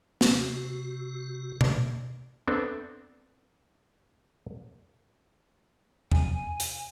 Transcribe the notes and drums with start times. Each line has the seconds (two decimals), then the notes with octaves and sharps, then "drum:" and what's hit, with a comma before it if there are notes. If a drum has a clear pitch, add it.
0.21 C3 F#4, drum: snare
1.61 drum: tom B2
2.48 B3 C4 D4 A4 E5
6.12 G#5, drum: tom E2
6.60 drum: hi-hat